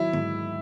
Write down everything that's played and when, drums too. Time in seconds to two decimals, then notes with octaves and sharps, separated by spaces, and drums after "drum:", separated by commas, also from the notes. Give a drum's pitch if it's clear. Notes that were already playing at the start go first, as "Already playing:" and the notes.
Already playing: D#3 F#3 E4
0.13 G#2, drum: tom D3